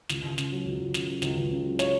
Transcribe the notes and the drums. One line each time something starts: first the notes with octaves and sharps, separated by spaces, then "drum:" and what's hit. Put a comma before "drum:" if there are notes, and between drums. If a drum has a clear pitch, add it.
C#2, drum: snare
C#2
C#3, drum: snare
F#3
C#2
C#2
C#3, drum: snare
F#3
C#2, drum: snare
C#2
C#3
F#3
C#5, drum: snare